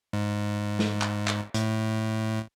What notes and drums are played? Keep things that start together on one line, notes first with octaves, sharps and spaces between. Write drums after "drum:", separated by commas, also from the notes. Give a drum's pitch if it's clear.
G#2
drum: snare
drum: clap
drum: clap
A2, drum: hi-hat